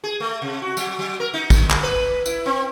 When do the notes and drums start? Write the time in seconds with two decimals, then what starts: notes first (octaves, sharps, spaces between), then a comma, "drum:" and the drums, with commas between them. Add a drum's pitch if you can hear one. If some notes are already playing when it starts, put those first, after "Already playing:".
0.04 G#4
0.20 A3
0.42 C3
0.62 F#4
0.77 F#3, drum: tambourine
0.99 F#3
1.20 A#4
1.34 D#4
1.50 D3, drum: kick, tambourine
1.70 drum: clap
1.83 B4
2.26 E4, drum: tambourine
2.46 C4